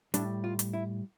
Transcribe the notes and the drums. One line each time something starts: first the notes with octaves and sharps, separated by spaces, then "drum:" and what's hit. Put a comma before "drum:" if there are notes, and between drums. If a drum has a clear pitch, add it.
A2 G3 D4, drum: hi-hat
F4
drum: hi-hat
E4